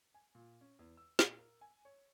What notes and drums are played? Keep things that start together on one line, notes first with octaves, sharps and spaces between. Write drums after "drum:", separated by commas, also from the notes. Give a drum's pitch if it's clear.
G#5
A#2
C#4
E2
E6
A#2, drum: snare
A#4
G#5
C#5